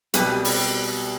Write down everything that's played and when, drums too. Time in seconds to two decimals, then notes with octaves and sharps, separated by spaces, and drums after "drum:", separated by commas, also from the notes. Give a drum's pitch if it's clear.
0.14 C2 B2 G3 G4 B4, drum: hi-hat
0.45 drum: open hi-hat